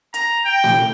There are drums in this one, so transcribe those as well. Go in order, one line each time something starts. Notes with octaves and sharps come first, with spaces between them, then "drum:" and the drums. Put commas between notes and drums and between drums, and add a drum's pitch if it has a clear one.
A#5, drum: hi-hat
G5
drum: snare A3